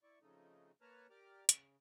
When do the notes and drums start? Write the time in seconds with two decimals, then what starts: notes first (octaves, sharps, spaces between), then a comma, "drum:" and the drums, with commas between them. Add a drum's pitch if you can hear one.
0.03 E4 D5 C#6
0.21 F2 C#3 A3 D#4
0.81 A#3 B4 C#5 A5 A#5 F6
1.10 G4 A#4 D5 D6 F6
1.49 C#3, drum: hi-hat